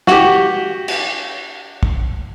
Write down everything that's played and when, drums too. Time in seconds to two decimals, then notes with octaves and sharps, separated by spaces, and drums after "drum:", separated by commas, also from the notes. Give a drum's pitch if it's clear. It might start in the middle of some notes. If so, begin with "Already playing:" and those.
0.07 F#4 G4, drum: snare
0.88 drum: cymbal
1.83 drum: kick